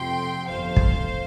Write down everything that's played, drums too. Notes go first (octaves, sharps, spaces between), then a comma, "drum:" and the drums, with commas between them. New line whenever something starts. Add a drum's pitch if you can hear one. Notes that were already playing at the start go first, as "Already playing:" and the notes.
Already playing: F2 C3 F3 A3 G5 C6
G1 F2 F3 A3 C5 F5
drum: kick